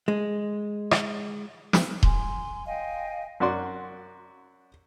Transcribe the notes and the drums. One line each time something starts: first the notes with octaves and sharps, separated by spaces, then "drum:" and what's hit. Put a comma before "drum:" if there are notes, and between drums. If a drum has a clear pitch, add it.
G#3
drum: rim click
drum: snare
G#5 C6, drum: kick D#1
D#5 F5 G5 G#5
F#2 F#4 D5 C6